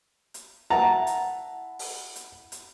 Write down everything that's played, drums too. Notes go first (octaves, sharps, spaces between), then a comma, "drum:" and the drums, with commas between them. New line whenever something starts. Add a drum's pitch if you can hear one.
drum: hi-hat
E4 F#5 A5 A#5
drum: hi-hat
drum: open hi-hat
drum: hi-hat
drum: hi-hat